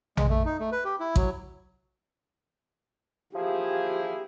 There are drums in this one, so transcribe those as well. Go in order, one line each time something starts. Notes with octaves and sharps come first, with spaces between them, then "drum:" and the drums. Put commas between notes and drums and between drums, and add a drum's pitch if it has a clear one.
G#3, drum: tom A#1
A3
D#4
A3
B4
G4
E4
F#3, drum: kick A1
F3 A#3 E4 G4 G#4